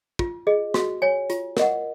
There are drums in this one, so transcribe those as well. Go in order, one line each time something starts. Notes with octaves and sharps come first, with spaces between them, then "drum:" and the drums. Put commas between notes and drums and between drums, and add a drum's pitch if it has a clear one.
F4, drum: kick
G#4 D#5
F#4, drum: snare
C#5 G#5
F4, drum: hi-hat
A#4 D#5 F#5, drum: snare